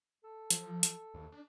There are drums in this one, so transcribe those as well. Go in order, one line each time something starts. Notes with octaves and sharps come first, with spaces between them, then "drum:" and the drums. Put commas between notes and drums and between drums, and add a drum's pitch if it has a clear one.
A4
F3, drum: hi-hat
drum: hi-hat
D#2
D4